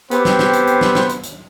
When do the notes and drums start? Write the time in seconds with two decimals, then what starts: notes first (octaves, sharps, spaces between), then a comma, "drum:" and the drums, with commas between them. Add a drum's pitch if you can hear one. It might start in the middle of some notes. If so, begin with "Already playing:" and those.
0.11 B3 C4 G4 C5, drum: hi-hat
0.25 drum: snare
0.39 drum: snare
0.53 drum: hi-hat
0.67 drum: hi-hat
0.81 drum: snare
0.95 drum: snare
1.09 drum: hi-hat
1.23 drum: hi-hat